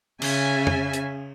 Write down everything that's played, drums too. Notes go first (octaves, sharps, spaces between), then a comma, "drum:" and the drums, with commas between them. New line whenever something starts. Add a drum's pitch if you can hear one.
C#3 E5 G#5, drum: cymbal
drum: tom F2
drum: hi-hat